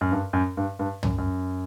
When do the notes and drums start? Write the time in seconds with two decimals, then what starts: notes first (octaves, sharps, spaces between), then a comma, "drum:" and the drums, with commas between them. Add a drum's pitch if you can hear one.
0.01 F#2
0.12 G2
0.33 F#2
0.57 G2
0.79 G2
1.03 F#2, drum: tom
1.18 F#2